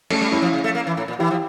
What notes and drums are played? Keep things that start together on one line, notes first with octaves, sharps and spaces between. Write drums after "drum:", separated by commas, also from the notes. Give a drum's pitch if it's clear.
G3 A3 C#4, drum: cymbal
G3
G3 C#4 E4
F3
C#3
A3
A#3
E3
A2
A#2
E3 E4 G4
F3